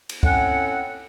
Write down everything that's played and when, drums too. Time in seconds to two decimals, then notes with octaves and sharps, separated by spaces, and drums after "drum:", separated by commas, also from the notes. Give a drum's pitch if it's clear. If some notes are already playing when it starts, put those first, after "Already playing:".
0.09 drum: cymbal
0.23 A2 C4 C#4 F#5, drum: kick